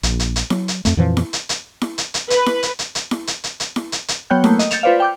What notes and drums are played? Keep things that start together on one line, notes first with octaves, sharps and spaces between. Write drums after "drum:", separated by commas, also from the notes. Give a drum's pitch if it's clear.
A#1, drum: hi-hat
drum: hi-hat
drum: hi-hat
F#3, drum: snare E4
drum: hi-hat
F2 A3, drum: hi-hat
F2 A#2 E3 F3
drum: snare E4
drum: hi-hat
drum: hi-hat
drum: snare E4
drum: hi-hat
drum: hi-hat
B4, drum: hi-hat
drum: snare E4
drum: hi-hat
drum: hi-hat
drum: hi-hat
drum: snare E4
drum: hi-hat
drum: hi-hat
drum: hi-hat
drum: snare E4
drum: hi-hat
drum: hi-hat
F#3 B3 C#5 G5 F#6 G6
A3 A#3, drum: snare E4
D#5, drum: hi-hat
G6 A6 C#7 E7 F7, drum: hi-hat
F4 B4 C5 D5 F5
G5 D6 G6